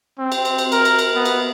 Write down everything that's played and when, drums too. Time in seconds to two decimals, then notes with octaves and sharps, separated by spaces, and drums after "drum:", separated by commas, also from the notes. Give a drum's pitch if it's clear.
0.18 C4
0.32 drum: cymbal
0.45 drum: cymbal
0.58 drum: cymbal
0.72 A#4, drum: cymbal
0.85 drum: cymbal
0.99 drum: cymbal
1.15 B3
1.25 drum: cymbal